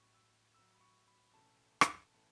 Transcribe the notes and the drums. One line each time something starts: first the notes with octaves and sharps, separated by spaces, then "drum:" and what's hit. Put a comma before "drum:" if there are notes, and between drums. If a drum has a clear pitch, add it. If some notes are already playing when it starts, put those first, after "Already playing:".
Already playing: A1 A2 F#3 C#6
E6
A1 A2 F#3 E6
B5
C#6
B5
B1 A2 E3 A3 C#4 A5
drum: rim click
A2 E3 A3 C#4